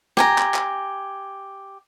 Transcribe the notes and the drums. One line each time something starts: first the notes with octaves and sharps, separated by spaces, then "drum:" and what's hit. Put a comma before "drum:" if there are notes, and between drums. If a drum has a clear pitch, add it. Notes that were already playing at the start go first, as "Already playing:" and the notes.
G4 G#5 A#5, drum: snare
drum: clap
drum: clap